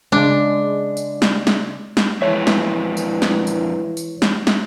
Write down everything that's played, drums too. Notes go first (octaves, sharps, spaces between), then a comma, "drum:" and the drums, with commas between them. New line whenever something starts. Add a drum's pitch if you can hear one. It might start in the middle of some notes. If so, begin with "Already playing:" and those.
C#3 G#3 D4
drum: tambourine
drum: snare
drum: snare
drum: snare
F2 E3 G#3 C#5 E5
drum: snare
drum: tambourine
drum: snare
drum: tambourine
drum: tambourine
drum: snare
drum: snare